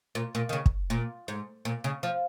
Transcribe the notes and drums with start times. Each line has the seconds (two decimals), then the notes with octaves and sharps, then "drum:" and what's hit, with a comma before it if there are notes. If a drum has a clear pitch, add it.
0.15 A#2
0.35 A#2
0.49 D#3
0.53 C#3
0.66 drum: kick
0.90 A#2
1.28 G#2
1.65 A#2
1.84 C#3
2.03 F3